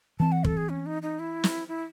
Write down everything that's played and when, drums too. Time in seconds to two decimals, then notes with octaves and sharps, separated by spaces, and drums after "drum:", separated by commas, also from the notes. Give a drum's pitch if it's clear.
0.20 E3 C4 A5
0.32 F#5
0.44 A4, drum: kick
0.57 G#4
0.69 C#4
0.86 D#4
1.02 D#4
1.19 E4
1.44 drum: snare
1.68 E4